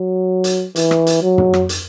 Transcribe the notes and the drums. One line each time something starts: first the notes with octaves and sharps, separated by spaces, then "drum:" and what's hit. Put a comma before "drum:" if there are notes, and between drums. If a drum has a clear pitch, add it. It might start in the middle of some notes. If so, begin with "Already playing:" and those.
Already playing: F#3
drum: hi-hat
E3, drum: hi-hat
drum: rim click
drum: hi-hat
F#3
drum: tom
drum: rim click
drum: hi-hat